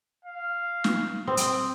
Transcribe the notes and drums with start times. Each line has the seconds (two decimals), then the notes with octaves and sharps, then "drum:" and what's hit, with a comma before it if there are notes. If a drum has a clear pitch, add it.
0.25 F5
0.84 drum: snare
1.27 C4 D#6
1.37 drum: hi-hat